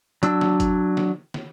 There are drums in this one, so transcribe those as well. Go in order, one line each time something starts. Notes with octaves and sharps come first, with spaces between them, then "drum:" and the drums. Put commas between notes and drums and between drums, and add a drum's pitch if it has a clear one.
F#3 D4 E6, drum: hi-hat
drum: snare
drum: kick F#1, hi-hat
drum: snare
drum: snare